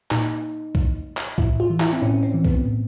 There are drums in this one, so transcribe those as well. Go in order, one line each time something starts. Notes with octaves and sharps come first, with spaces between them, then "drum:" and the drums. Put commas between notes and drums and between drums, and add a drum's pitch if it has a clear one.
A#2 D#4, drum: clap
A#2, drum: kick B1
drum: clap
A2 E4, drum: kick B1
F4
E3
E4, drum: clap
C4
A2 C#4
C4
E3
B3, drum: kick B1
A2